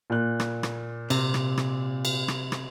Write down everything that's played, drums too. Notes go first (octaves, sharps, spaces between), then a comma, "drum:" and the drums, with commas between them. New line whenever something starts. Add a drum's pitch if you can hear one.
A#2 F#6
drum: rim click
drum: rim click
C3, drum: cymbal
drum: rim click
drum: rim click
drum: cymbal
drum: rim click
drum: rim click